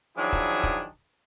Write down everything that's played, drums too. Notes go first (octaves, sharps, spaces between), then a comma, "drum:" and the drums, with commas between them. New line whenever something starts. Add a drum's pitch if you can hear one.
D#3 F3 F#3 D4 E4 G#4
drum: kick E1
drum: kick E1